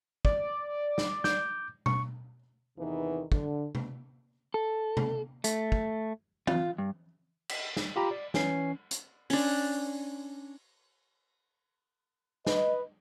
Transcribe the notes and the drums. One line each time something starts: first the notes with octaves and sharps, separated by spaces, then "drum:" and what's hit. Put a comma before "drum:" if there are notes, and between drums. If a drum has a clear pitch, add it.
D5, drum: kick
drum: snare
D6 G6, drum: snare
C#6, drum: tom B2
E2 C3 D#3 E3 B3 D#4
D3, drum: kick
drum: tom C3
A4
drum: tom C3
A3, drum: hi-hat
drum: kick
F4, drum: tom
G2
drum: cymbal
drum: snare
F4 G4 A#5 B5
D5
E3 C#4 C7, drum: snare
drum: hi-hat
C#4 D4, drum: open hi-hat
B4 D#5, drum: snare